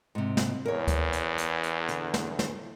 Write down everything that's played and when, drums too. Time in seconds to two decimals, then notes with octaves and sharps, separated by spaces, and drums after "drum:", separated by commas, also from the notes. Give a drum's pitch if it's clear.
0.15 G#2 C3
0.37 drum: snare
0.65 E2 A#4 C#5
0.88 drum: kick D2, hi-hat
1.13 drum: hi-hat
1.38 drum: hi-hat
1.63 drum: hi-hat
1.88 D3, drum: hi-hat
2.14 drum: snare
2.39 drum: snare